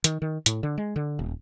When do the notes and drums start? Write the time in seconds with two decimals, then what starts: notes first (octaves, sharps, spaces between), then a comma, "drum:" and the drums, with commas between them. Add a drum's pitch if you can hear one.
0.04 D#3, drum: hi-hat
0.22 D#3
0.46 A2, drum: hi-hat
0.63 D3
0.78 G#3
0.96 D3
1.19 D#1